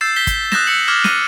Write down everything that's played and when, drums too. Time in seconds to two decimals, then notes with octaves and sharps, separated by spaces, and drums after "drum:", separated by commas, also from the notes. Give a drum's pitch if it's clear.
0.01 E6 G6 A6 C7 E7
0.16 G6 B6 G7
0.27 drum: kick, hi-hat
0.52 D#6 F#6 G6 A6 A#6 E7, drum: snare
0.67 E6 F#6 G6 C#7 F#7
0.88 D6 F6 G#6 E7
1.04 D#7, drum: snare